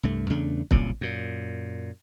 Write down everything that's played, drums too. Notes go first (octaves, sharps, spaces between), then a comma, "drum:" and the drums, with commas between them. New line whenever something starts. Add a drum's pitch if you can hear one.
C2 G2 A3
E2 C#3 A3 D4
F#1 C2 A#2 C#3, drum: kick
F#2 A#2